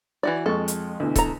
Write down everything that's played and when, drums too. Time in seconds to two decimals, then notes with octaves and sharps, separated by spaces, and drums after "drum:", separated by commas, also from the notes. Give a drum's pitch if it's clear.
0.23 E3 F#4 D5
0.46 F2 G#3 A4 C#6
0.68 drum: hi-hat
1.00 D2 B2 E3
1.16 A4 A#5, drum: kick C#1, hi-hat